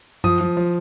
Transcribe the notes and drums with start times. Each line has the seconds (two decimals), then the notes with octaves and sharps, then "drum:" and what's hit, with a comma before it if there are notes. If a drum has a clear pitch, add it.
0.24 F3 D#6, drum: tom F#2
0.41 F3
0.57 F3